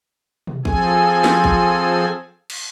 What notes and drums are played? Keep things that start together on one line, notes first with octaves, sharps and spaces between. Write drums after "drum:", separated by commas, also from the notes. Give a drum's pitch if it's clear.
drum: tom B2
F3 C4 G#4 A4 G#5, drum: kick A1
drum: snare
drum: kick A1
drum: cymbal